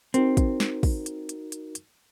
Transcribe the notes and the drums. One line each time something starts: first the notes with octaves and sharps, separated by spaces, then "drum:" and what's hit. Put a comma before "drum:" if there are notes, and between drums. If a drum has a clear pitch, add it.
C4 D#4 F#4 A#4, drum: hi-hat
drum: kick, hi-hat
drum: snare
drum: kick, open hi-hat
drum: hi-hat
drum: hi-hat
drum: hi-hat
drum: hi-hat